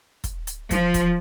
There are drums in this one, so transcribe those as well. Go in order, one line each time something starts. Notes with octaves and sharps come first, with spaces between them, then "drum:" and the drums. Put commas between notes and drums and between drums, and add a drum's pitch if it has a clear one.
drum: kick, hi-hat
drum: hi-hat
F3, drum: kick, hi-hat
drum: kick, hi-hat